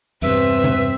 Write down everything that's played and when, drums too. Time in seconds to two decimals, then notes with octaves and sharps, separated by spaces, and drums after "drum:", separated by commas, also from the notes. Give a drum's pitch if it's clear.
0.22 E2 G2 C3 C4 B4 E5
0.64 drum: tom C3